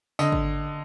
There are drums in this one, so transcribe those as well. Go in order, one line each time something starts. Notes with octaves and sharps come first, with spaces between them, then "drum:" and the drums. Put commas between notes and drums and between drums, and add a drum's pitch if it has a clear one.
D3 D#5, drum: tambourine
drum: kick G#1